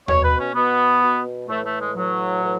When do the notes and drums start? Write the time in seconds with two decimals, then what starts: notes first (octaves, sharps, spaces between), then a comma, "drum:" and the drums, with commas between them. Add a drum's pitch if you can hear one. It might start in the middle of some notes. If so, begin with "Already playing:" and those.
0.08 B2 C#5, drum: tom D#2
0.24 B4
0.39 C#4
0.55 B2 B3
1.02 B2
1.49 A2 E3 A3
1.64 A3
1.80 G#3
1.96 A2 E3 F#3
2.43 A2 E3